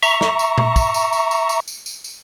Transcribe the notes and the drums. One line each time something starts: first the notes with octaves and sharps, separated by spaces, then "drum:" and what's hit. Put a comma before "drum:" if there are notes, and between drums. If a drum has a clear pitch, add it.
E5 A#5 C#6, drum: tambourine
drum: snare
drum: tambourine
drum: tom A#2
drum: kick, tambourine
drum: tambourine
drum: tambourine
drum: tambourine
drum: tambourine
drum: tambourine
drum: tambourine
drum: tambourine